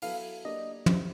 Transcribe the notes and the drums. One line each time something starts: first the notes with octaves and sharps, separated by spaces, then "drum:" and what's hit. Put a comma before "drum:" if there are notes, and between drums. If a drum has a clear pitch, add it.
F#3 B3 E4 A4 F5, drum: open hi-hat
A#3 D4 G4 D#5
B3 E4 G4 C5, drum: tom